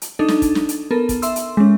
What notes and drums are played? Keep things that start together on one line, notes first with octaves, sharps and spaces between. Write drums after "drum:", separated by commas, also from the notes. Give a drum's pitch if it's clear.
drum: hi-hat
D4 D#4 A4
drum: snare
drum: kick, hi-hat
drum: snare
drum: hi-hat
B3 A4 A#4
drum: kick, hi-hat
E5 C6 E6, drum: hi-hat
drum: hi-hat
G#3 C#4